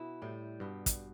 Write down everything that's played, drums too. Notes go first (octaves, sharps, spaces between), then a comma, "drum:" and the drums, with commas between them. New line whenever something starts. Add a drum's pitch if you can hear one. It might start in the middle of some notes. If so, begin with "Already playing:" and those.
Already playing: B2 E4
A2 G3
G2 B2
drum: kick, hi-hat